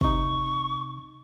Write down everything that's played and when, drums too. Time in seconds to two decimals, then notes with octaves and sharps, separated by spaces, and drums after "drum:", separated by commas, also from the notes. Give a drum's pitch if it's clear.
0.01 C3 D#4 C#6, drum: kick